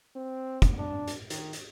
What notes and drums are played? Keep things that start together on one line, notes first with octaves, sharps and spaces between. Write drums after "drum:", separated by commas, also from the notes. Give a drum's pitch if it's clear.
C4
drum: kick, hi-hat
D4
drum: hi-hat
D#3, drum: hi-hat
drum: hi-hat